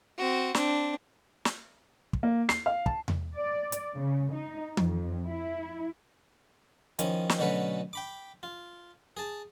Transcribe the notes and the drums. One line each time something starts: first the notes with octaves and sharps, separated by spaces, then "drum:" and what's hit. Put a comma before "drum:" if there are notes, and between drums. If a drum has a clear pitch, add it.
C4 F#4
C4 D4, drum: snare
drum: snare
drum: kick
A#3
C7, drum: snare
F5
A5, drum: kick
drum: tom E2
D5
drum: hi-hat
C#3
D#4
F2, drum: tom E3
E4
D#3 F3 C#4 E4, drum: hi-hat
drum: snare
B2 D3 F#3 A3 C#4 B4
G5 B5 D6
F4
G#4 A5